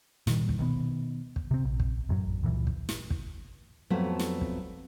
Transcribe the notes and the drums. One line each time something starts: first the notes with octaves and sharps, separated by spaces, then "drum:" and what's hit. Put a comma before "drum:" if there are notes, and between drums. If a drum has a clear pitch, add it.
A#2 D#3 G3, drum: snare
drum: kick
B2 D#3 B3
drum: kick
C3 C4
A#1
drum: kick
A1 F#2 F#3
C#2 A#2 E3
drum: kick
drum: snare
drum: kick
F2 F#3 A3 B3
drum: snare
drum: kick